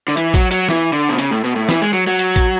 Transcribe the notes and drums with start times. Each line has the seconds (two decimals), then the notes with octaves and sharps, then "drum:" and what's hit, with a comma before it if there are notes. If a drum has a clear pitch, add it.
0.08 D3
0.17 E3, drum: hi-hat
0.34 F#3, drum: kick, hi-hat
0.51 F#3, drum: hi-hat
0.69 E3, drum: snare
0.93 D3
1.09 B2
1.18 C#3, drum: hi-hat
1.31 A2
1.44 B2
1.56 A2
1.69 E3, drum: snare
1.81 G#3
1.93 F#3
2.07 F#3
2.19 drum: hi-hat
2.36 drum: kick, hi-hat